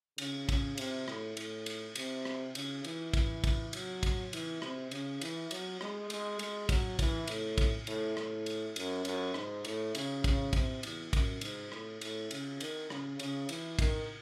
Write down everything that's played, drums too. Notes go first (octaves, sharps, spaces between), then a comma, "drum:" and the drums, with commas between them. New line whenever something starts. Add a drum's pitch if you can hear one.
C#3, drum: cymbal
C#3, drum: kick, cymbal
C3, drum: cymbal
A2, drum: rim click
A2, drum: cymbal
drum: cymbal
C3, drum: cymbal
drum: rim click
C#3, drum: cymbal
E3, drum: cymbal
E3, drum: kick, cymbal
drum: kick, cymbal
F#3, drum: cymbal
drum: kick, cymbal
E3, drum: cymbal
C3, drum: rim click
C#3, drum: cymbal
E3, drum: cymbal
F#3, drum: cymbal
G#3, drum: rim click
G#3, drum: cymbal
G#3, drum: cymbal
F#3, drum: kick, cymbal
E3, drum: kick, cymbal
A2, drum: cymbal
drum: kick, cymbal
A2, drum: cymbal
A2, drum: rim click
drum: cymbal
F#2, drum: cymbal
F#2, drum: cymbal
G#2, drum: rim click
A2, drum: cymbal
C#3, drum: cymbal
C#3, drum: kick, cymbal
C3, drum: kick, cymbal
E2, drum: cymbal
F#2, drum: kick, cymbal
G#2, drum: cymbal
A2, drum: rim click
A2, drum: cymbal
C#3, drum: cymbal
D#3, drum: cymbal
C#3, drum: rim click
C#3, drum: cymbal
E3, drum: cymbal
D#3, drum: kick, cymbal